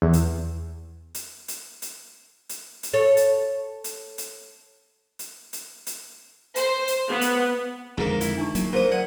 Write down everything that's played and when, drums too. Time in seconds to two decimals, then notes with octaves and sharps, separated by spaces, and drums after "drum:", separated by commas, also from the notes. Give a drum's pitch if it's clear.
0.02 E2
0.13 drum: hi-hat
1.14 drum: hi-hat
1.48 drum: hi-hat
1.82 drum: hi-hat
2.49 drum: hi-hat
2.83 drum: hi-hat
2.94 A4 C#5
3.17 drum: hi-hat
3.84 drum: hi-hat
4.18 drum: hi-hat
5.19 drum: hi-hat
5.53 drum: hi-hat
5.87 drum: hi-hat
6.56 C5, drum: hi-hat
6.88 drum: hi-hat
7.10 B3
7.21 drum: hi-hat
7.98 F2 G#2 D3 D#3 A#3
8.21 E4, drum: hi-hat
8.38 D4 D#4 C#6
8.55 F#3 A#3, drum: hi-hat
8.73 A#2 F4 G#4 C5 D#6
8.92 D5 F#5 D#6